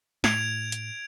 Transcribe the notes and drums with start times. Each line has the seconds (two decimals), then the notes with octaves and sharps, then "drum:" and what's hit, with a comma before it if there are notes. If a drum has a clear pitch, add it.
0.24 A2 G#6 D7 F7, drum: snare
0.72 drum: hi-hat